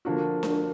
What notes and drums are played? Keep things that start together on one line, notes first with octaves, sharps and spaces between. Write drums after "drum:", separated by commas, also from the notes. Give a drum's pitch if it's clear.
D3 F3 A#3 D4 F#4
drum: snare D4